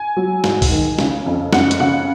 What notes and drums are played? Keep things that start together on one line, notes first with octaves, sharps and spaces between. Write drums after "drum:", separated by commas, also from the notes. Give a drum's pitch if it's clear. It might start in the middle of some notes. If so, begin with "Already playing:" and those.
Already playing: G#5
F#3
G#2, drum: snare
drum: kick, open hi-hat
D#3
C#3, drum: snare
F2
F#2 F#5, drum: snare
drum: hi-hat
C#3 F#5